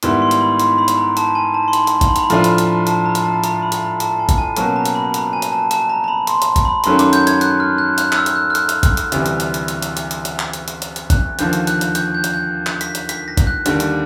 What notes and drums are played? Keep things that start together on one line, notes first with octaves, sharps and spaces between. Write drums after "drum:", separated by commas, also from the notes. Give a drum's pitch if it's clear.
G#2 D#3 G3 B3 E4 C6, drum: hi-hat
C6
drum: hi-hat
B5
C6, drum: hi-hat
B5
drum: hi-hat
A#5
A5, drum: hi-hat
G#5
A5
C6
B5, drum: hi-hat
drum: hi-hat
C6, drum: kick G#1, hi-hat
B5
A#5, drum: hi-hat
B5
A2 F3 A3 D4 F4, drum: hi-hat
drum: hi-hat
drum: hi-hat
A5, drum: hi-hat
A#5
drum: hi-hat
A5
A#5, drum: hi-hat
B5
drum: hi-hat
A#5
A5, drum: hi-hat
G#5
drum: kick G#1, hi-hat
G#5
B2 F#3 A#3 C#4 A5, drum: hi-hat
A#5
drum: hi-hat
B5
A#5, drum: hi-hat
G#5
drum: hi-hat
A5
A5, drum: hi-hat
A#5
A#5
B5
C6, drum: hi-hat
drum: hi-hat
drum: kick G#1, hi-hat
B5
F#2 D#3 F#3 A3 C#4 C6, drum: hi-hat
D6, drum: hi-hat
G6, drum: hi-hat
G#6, drum: hi-hat
F#6, drum: hi-hat
F6
F#6
F#6, drum: hi-hat
F6, drum: clap
E6
drum: hi-hat
F#6
F6
F#6, drum: hi-hat
drum: hi-hat
drum: kick G#1, hi-hat
drum: hi-hat
D2 C3 E3 G3, drum: hi-hat
drum: hi-hat
drum: hi-hat
drum: hi-hat
drum: hi-hat
drum: hi-hat
drum: hi-hat
drum: hi-hat
drum: hi-hat
drum: clap
drum: hi-hat
drum: hi-hat
drum: hi-hat
drum: hi-hat
F#6, drum: kick G#1, hi-hat
D#2 D3 F3 G6, drum: hi-hat
drum: hi-hat
F#6, drum: hi-hat
drum: hi-hat
G6, drum: hi-hat
G6
drum: hi-hat
G6
drum: clap
B6, drum: hi-hat
drum: hi-hat
B6, drum: hi-hat
A#6
drum: kick G#1, hi-hat
F#6
D#2 D3 G3, drum: hi-hat
drum: hi-hat